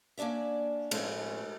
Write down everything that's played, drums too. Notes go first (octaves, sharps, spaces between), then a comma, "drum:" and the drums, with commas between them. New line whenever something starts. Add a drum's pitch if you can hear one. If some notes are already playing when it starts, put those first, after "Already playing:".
A#3 C#4 D4 D5 E5
A2 F3 G#3 C4 C#4 D#4, drum: cymbal